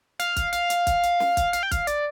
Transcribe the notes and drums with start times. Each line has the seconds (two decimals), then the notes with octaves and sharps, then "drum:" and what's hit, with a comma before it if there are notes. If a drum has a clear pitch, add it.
0.19 F5, drum: hi-hat
0.36 drum: kick, hi-hat
0.53 F5, drum: hi-hat
0.70 drum: hi-hat
0.87 drum: kick, hi-hat
1.03 drum: hi-hat
1.20 drum: snare
1.37 drum: kick, hi-hat
1.53 F5, drum: hi-hat
1.63 G5
1.71 F5, drum: kick, hi-hat
1.87 D5, drum: hi-hat